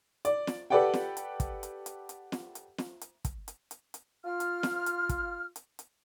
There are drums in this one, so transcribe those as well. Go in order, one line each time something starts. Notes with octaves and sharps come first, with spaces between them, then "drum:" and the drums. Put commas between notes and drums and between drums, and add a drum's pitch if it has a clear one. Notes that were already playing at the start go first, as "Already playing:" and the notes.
D5, drum: hi-hat
drum: snare
G4 A4 B4 D5 F#5 G5
drum: snare
drum: hi-hat
drum: kick, hi-hat
drum: hi-hat
drum: hi-hat
drum: hi-hat
drum: snare
drum: hi-hat
drum: snare
drum: hi-hat
drum: kick, hi-hat
drum: hi-hat
drum: hi-hat
drum: hi-hat
F4 F6
drum: hi-hat
drum: snare
drum: hi-hat
drum: kick, hi-hat
drum: hi-hat
drum: hi-hat